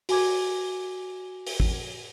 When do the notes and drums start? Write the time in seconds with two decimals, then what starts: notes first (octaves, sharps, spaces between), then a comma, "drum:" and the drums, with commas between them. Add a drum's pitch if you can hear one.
0.09 F#4 G#5 D6 G#6, drum: open hi-hat
1.47 drum: open hi-hat
1.60 drum: kick